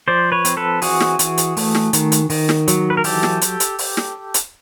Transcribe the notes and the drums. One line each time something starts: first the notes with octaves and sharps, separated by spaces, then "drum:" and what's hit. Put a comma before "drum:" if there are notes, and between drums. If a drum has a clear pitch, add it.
F3 C5 D5
B4 C#5
C4, drum: hi-hat
A4 B4
E3 F#4 G#4, drum: open hi-hat
drum: snare
E3, drum: hi-hat
drum: hi-hat
A3, drum: open hi-hat
drum: snare
D#3, drum: hi-hat
drum: hi-hat
D#3, drum: open hi-hat
drum: snare
F#3, drum: hi-hat
B4
A#4
E3 G4 A4, drum: open hi-hat
drum: snare
drum: hi-hat
drum: hi-hat
drum: open hi-hat
drum: snare
drum: hi-hat